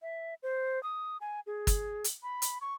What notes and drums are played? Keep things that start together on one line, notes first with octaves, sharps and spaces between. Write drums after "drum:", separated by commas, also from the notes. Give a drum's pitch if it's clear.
E5
C5
D#6
G#5
G#4
drum: kick, hi-hat
drum: hi-hat
B5
drum: hi-hat
C#6